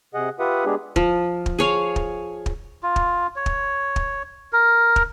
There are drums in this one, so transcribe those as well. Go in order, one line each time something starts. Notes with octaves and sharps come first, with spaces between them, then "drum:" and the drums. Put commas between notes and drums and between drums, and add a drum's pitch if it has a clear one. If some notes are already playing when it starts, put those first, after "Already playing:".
C3 G#4 D#5 F#5
F4 G4 B4 E5 F#5 D#6
G#3 B3 D4 G4 G#4
F3, drum: kick
drum: kick
G#4 C#5 F5
drum: kick
drum: kick
F4
drum: kick
C#5
drum: kick
drum: kick
A#4
drum: kick